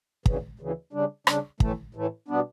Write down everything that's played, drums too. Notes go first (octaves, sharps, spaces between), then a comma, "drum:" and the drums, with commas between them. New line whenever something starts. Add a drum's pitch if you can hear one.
D2 C#3 E3, drum: kick
D2 C#3 E3
C#3 G3 D4
C#3 G3 D4, drum: rim click
A2 E3 A3, drum: kick
A2 E3 A3
B2 G3 B3 D4